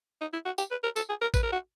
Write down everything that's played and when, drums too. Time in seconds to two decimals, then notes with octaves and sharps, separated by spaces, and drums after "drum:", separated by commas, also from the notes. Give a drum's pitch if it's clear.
0.21 D#4
0.33 E4
0.45 F#4
0.58 G4, drum: tambourine
0.71 B4
0.83 A#4
0.96 A4, drum: tambourine
1.09 G#4
1.21 A#4
1.34 B4, drum: kick A1, tambourine
1.43 A#4
1.52 F#4